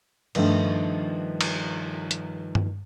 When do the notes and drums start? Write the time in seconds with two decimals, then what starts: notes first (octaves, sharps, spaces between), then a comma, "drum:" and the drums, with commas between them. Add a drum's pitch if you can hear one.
0.35 G2 D#3 F3 A3 D4, drum: cymbal
1.41 drum: cymbal
2.11 drum: hi-hat
2.55 drum: tom G2